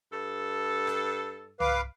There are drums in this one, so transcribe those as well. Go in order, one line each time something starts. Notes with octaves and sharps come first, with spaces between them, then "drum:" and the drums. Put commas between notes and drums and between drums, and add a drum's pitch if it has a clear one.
G2 A4
drum: rim click
B4 F5 D6, drum: tom C2